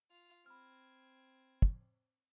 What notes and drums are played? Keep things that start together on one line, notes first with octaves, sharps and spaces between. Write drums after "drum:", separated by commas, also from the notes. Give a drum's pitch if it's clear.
F4 F7
C4 B5 F6 G#6
drum: kick